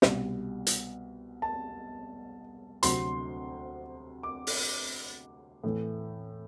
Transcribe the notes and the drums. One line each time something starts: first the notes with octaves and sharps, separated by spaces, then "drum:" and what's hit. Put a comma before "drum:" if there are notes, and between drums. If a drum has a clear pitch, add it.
C2 B2 G3, drum: snare
drum: hi-hat
A5
D2 C3 F#3 C6, drum: hi-hat
D6
drum: open hi-hat
A2 E3 A3